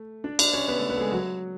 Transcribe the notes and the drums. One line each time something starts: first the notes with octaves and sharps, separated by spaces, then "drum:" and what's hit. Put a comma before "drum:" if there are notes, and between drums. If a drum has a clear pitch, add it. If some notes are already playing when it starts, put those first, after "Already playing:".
Already playing: A3
D4 D5
D4 D5, drum: cymbal
C#4 C#5
B3 B4
A3 A4
B3 B4
A4
G#3 G#4
F#3 F#4